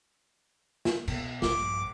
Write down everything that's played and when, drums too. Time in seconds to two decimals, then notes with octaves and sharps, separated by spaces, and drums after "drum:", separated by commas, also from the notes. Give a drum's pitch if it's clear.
0.85 drum: snare
1.08 B2, drum: cymbal
1.42 A#1 G2 D6, drum: snare